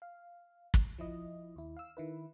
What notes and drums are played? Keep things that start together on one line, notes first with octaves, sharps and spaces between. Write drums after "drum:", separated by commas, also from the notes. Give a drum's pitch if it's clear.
F5
drum: kick
F3 E4 D#5
D#2 E4
F5 E6
D#3 E4 B4